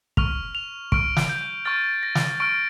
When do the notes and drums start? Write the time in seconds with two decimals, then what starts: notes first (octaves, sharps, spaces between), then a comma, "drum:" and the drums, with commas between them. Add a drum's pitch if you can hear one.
0.17 C#6 F6 F7, drum: kick
0.55 F7
0.92 C#6 F6 D7, drum: kick
1.17 drum: snare
1.29 G6
1.65 C#6 F6 A6
2.03 A#6
2.15 drum: snare
2.40 C#6 F6 D7